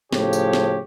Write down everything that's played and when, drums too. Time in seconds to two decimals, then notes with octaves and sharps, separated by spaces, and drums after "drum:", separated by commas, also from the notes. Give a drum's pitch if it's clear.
0.13 A2 C#3 F3 G4 C#5, drum: snare
0.33 drum: tambourine
0.53 drum: snare